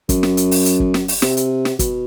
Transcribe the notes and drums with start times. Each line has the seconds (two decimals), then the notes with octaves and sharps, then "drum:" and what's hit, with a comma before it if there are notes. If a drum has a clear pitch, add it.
0.09 F#2, drum: kick, hi-hat
0.23 drum: snare
0.37 drum: hi-hat
0.51 drum: open hi-hat
0.66 drum: hi-hat
0.80 drum: kick
0.94 drum: snare
1.08 drum: open hi-hat
1.22 C3, drum: snare
1.37 drum: hi-hat
1.65 drum: snare
1.79 B2, drum: kick, hi-hat